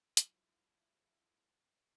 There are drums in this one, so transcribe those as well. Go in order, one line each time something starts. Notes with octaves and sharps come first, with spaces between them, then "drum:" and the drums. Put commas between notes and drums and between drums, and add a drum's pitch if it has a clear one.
G#2 D3 F#3 E4 F4, drum: hi-hat